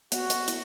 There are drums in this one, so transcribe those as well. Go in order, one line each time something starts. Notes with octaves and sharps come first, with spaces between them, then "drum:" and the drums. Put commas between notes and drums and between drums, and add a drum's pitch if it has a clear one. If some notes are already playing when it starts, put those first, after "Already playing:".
B3 F#4, drum: hi-hat
drum: hi-hat
E4, drum: hi-hat